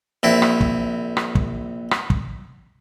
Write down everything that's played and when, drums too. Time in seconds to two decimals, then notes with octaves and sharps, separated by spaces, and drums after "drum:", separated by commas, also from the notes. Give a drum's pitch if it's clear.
0.23 A#1 C4 E4
0.42 drum: rim click
0.61 drum: kick
1.17 drum: rim click
1.35 drum: kick
1.91 drum: rim click
2.10 drum: kick